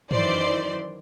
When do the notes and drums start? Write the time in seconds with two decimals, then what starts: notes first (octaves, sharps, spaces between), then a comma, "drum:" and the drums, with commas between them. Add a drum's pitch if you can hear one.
0.11 F#2 D#3 E3 C5 D5 C6, drum: tom